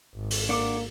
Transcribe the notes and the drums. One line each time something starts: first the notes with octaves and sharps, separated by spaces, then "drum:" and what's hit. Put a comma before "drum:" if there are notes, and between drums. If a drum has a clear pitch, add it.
G#1
drum: open hi-hat
A#3 D4 F#5 D6